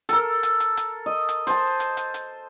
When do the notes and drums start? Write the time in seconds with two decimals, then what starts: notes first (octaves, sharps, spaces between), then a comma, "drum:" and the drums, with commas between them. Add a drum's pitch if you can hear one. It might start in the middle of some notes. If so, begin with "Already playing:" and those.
0.09 A4 A#4, drum: hi-hat
0.43 drum: hi-hat
0.60 drum: hi-hat
0.77 drum: hi-hat
1.06 D#5
1.29 drum: hi-hat
1.47 C5 A5, drum: hi-hat
1.80 drum: hi-hat
1.97 drum: hi-hat
2.14 drum: hi-hat